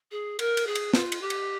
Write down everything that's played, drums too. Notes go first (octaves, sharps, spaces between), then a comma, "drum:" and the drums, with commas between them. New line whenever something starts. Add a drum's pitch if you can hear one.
G#4
A#4, drum: cymbal
drum: cymbal
G#4
drum: cymbal
F4, drum: snare
drum: cymbal
G4
drum: cymbal